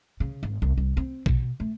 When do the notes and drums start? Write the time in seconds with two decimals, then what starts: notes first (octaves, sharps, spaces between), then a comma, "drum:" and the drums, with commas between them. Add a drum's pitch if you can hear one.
0.20 C#3
0.43 G#1
0.62 C2
0.77 C2
0.97 C4
1.26 B2, drum: kick A#1
1.60 A3